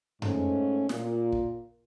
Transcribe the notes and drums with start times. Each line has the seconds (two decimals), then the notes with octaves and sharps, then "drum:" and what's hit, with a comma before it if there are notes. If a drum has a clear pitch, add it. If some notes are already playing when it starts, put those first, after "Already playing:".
0.22 G#2 A3 C#4, drum: tom F#2
0.89 A#2, drum: snare
1.32 drum: kick